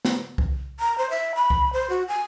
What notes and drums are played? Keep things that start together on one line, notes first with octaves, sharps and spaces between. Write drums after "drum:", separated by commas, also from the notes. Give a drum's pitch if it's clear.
drum: snare B3
drum: kick C2
A#5
C5
E5
B5
drum: kick C2
C5
F#4
G#5